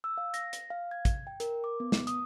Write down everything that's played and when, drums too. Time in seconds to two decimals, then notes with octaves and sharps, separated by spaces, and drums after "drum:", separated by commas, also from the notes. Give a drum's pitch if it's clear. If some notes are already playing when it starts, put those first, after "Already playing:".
0.04 E6
0.18 F5
0.34 A#6, drum: hi-hat
0.53 drum: hi-hat
0.70 F5
0.91 G#6
1.05 drum: kick, hi-hat
1.27 G5
1.40 A#4, drum: hi-hat
1.64 D6
1.80 B3
1.92 drum: snare
2.07 D#6, drum: hi-hat